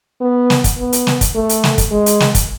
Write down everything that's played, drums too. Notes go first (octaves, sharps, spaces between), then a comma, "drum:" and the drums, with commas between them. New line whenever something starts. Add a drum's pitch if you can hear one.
B3
drum: snare
drum: kick, hi-hat
B3
drum: hi-hat
drum: snare
drum: kick, hi-hat
A3
drum: hi-hat
drum: snare
drum: kick, hi-hat
G#3
drum: hi-hat
drum: snare
drum: kick, hi-hat